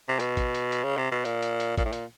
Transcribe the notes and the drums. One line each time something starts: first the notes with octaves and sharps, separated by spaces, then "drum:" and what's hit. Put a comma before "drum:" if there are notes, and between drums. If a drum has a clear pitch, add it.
C3
B2, drum: hi-hat
drum: kick A1, hi-hat
drum: hi-hat
drum: hi-hat
C#3
C3
B2
A#2, drum: hi-hat
drum: hi-hat
drum: hi-hat
A#2, drum: kick A1, hi-hat
A2
A#2, drum: hi-hat